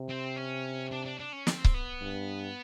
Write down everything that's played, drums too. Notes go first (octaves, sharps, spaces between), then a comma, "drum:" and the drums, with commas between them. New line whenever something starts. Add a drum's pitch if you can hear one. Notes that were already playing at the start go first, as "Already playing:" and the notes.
Already playing: C3
C4
C#4
D4
D4
D4
C#4
C4, drum: snare
drum: kick C#1
B3
G2